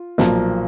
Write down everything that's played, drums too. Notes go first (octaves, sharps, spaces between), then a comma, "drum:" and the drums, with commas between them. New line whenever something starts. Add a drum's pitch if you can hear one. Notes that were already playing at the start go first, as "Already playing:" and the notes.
Already playing: F4
B1 A#2 F3 A#3, drum: snare